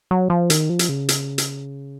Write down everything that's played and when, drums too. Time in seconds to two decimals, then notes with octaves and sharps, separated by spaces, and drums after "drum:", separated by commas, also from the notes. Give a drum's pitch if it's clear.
0.11 F#3
0.30 F3
0.50 D#3, drum: hi-hat
0.70 F3
0.79 drum: hi-hat
0.89 C#3
1.09 drum: hi-hat
1.38 drum: hi-hat